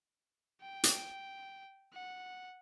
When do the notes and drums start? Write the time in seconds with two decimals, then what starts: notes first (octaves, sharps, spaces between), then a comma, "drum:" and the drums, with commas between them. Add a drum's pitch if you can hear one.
0.62 G5
0.84 drum: hi-hat
1.93 F#5